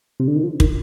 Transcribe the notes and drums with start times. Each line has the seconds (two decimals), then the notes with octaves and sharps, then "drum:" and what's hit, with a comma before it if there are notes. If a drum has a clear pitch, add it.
0.20 C3
0.28 D3
0.36 D#3
0.43 F3
0.60 D#3, drum: kick